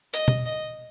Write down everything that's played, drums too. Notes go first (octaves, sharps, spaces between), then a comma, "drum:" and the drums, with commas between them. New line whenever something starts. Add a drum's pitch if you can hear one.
D#5, drum: hi-hat
drum: tom B2
D#5